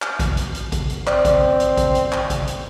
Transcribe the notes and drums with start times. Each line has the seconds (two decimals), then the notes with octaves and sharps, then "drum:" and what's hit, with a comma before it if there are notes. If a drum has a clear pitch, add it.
0.02 drum: clap
0.19 drum: kick A1, hi-hat
0.37 drum: hi-hat
0.55 drum: hi-hat
0.72 drum: kick A1, hi-hat
0.90 drum: hi-hat
1.07 C4 D5, drum: clap
1.25 drum: kick A1, hi-hat
1.60 drum: hi-hat
1.77 drum: kick A1, hi-hat
1.95 drum: hi-hat
2.12 drum: clap
2.30 drum: kick A1, hi-hat
2.47 drum: hi-hat